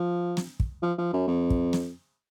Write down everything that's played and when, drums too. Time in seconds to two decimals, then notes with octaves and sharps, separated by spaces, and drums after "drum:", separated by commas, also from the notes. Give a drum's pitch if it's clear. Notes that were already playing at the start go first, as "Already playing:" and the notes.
Already playing: F3
0.37 drum: snare
0.60 drum: kick
0.82 F3
0.98 F3
1.13 F#2
1.27 F2
1.50 drum: kick
1.73 drum: snare